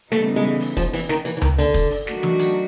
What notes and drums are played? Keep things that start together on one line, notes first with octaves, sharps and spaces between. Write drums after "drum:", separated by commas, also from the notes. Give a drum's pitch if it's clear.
C#3 E3 G3 A3 B3 D#4, drum: snare
G#3
drum: open hi-hat
F3, drum: kick, hi-hat
E3, drum: open hi-hat
D#3, drum: snare
E3, drum: hi-hat
E3
D#3, drum: tom C#2
D3, drum: hi-hat
drum: kick, hi-hat
drum: open hi-hat
D#3 F#3 A3 D4 F#4, drum: snare
drum: tom E3
drum: hi-hat